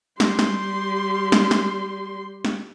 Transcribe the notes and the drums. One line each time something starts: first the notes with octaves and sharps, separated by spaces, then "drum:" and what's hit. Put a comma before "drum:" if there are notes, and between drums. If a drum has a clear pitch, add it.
G3 C6, drum: snare
drum: snare
drum: snare
drum: snare
drum: snare